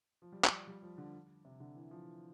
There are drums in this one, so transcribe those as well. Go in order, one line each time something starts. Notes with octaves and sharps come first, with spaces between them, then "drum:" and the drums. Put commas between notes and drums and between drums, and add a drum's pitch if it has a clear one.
F3
G3
G3, drum: clap
G3
F3
D3
C3
D3
E3
F3